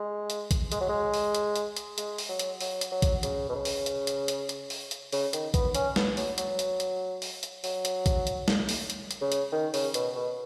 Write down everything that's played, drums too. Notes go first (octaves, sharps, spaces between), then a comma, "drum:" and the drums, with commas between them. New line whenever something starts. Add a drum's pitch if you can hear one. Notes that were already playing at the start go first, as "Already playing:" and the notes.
Already playing: G#3
drum: hi-hat
drum: kick A#1, hi-hat
G#3, drum: hi-hat
F#3
G#3
drum: open hi-hat
drum: hi-hat
drum: hi-hat
drum: hi-hat
G#3, drum: hi-hat
drum: open hi-hat
F#3
drum: hi-hat
F#3, drum: open hi-hat
drum: hi-hat
F#3
drum: kick A#1, hi-hat
C#3, drum: hi-hat
B2
C#3
drum: open hi-hat
drum: hi-hat
drum: hi-hat
drum: hi-hat
drum: hi-hat
drum: open hi-hat
drum: hi-hat
C#3, drum: open hi-hat
D#3, drum: hi-hat
B3, drum: kick A#1, hi-hat
C#4, drum: hi-hat
B3, drum: snare
F#3, drum: open hi-hat
F#3, drum: hi-hat
drum: hi-hat
drum: hi-hat
drum: open hi-hat
drum: hi-hat
F#3, drum: open hi-hat
drum: hi-hat
drum: kick A#1, hi-hat
drum: hi-hat
drum: snare
drum: open hi-hat
drum: hi-hat
drum: hi-hat
C#3
drum: hi-hat
D#3
C#3, drum: open hi-hat
B2, drum: hi-hat
B2